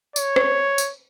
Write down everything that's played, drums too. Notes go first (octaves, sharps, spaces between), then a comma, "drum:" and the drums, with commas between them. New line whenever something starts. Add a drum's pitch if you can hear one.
C#5, drum: tambourine
drum: rim click
drum: tambourine